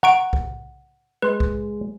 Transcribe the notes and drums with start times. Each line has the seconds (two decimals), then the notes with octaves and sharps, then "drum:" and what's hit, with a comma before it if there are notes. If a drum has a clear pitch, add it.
0.03 F#5 A#5 C#6 D7
0.33 drum: kick B1
1.22 G#3 B4 C6
1.40 drum: kick B1